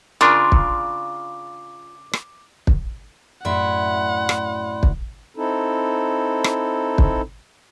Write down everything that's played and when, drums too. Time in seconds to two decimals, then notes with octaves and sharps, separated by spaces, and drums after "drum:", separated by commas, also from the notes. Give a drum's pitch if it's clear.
0.21 C#3 D4 F4 A#4 C6 D6
0.52 drum: kick
2.13 drum: rim click
2.67 drum: kick
3.45 F#2 A2 D5 E5 F#5 B5 C6
4.29 drum: rim click
4.83 drum: kick
5.37 C4 D#4 E4 A4
6.44 drum: rim click
6.98 drum: kick